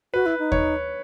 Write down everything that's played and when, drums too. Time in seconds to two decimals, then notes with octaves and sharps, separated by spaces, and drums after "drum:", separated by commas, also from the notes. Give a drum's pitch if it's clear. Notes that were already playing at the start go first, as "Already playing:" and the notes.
0.14 F#4 B4
0.26 E4
0.39 D#4
0.52 C#5, drum: kick D#2